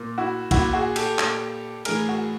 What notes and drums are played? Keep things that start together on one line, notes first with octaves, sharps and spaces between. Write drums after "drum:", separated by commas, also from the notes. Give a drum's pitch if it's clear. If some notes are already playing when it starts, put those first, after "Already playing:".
Already playing: A#2
E4 F#4
A#2 E4 F#4, drum: kick, cymbal
F#4 G#4
G4 A4, drum: cymbal
A#2, drum: clap
A2 E3 G#4 A#4, drum: cymbal
F#4 G#4